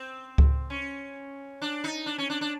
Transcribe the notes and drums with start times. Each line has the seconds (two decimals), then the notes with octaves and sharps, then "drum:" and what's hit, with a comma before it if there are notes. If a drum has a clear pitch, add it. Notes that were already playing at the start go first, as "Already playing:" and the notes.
Already playing: C4
0.38 drum: kick C#2
0.70 C#4
1.62 D4
1.84 D#4
2.06 D4
2.18 C#4
2.30 D4
2.41 D4